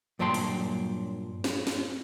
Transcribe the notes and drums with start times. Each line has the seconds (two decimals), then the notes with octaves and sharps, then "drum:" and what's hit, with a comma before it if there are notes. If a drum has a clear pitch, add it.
0.19 G2 A#2 F#3 G5 A5 C6
0.34 drum: open hi-hat
1.44 drum: snare
1.67 drum: snare